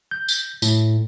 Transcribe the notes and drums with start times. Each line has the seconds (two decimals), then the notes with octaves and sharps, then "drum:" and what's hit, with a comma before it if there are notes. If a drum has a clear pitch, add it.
0.11 G6
0.28 drum: tambourine
0.62 A2, drum: tambourine